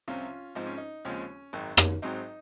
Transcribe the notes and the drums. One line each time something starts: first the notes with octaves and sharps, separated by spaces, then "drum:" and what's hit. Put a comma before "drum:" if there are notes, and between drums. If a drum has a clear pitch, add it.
C2 C3 F3 C4 C#4 F4
G#2 F3 C4 D#4
C#4
D#4
D#2 C#3 F3 G#3 C4 C#4
G#1 F#2 D#3
drum: rim click
G#1 G#2 F#3 C4 D#4